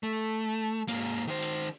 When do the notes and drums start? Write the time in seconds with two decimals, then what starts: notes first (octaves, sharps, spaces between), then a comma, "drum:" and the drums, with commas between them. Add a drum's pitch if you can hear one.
0.03 A3
0.88 G#2 A#3, drum: hi-hat
1.27 D#3 C5
1.43 drum: hi-hat